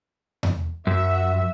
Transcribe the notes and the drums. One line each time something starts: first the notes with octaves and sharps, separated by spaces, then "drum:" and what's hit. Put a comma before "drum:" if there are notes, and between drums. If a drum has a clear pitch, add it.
drum: tom E2
F#2 F#4 E5